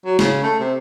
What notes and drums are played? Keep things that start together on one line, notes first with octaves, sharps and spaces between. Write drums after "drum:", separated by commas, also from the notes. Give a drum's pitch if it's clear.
F#3
C#3, drum: snare
A3
C3